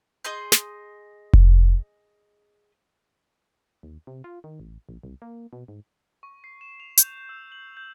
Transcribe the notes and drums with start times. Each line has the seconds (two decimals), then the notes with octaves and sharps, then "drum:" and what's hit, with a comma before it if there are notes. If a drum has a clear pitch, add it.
0.24 G#4 D#5 C6 G6
0.52 drum: snare
1.33 drum: kick F1
3.83 D#2
4.07 C3
4.24 F4
4.44 D#3
4.60 A1
4.89 A#1
5.03 C2
5.22 A#3
5.53 B2
5.68 G#2
6.23 C#6
6.44 C7
6.61 E7
6.80 F7
6.97 G6, drum: hi-hat
7.29 E6
7.52 F#7
7.77 G6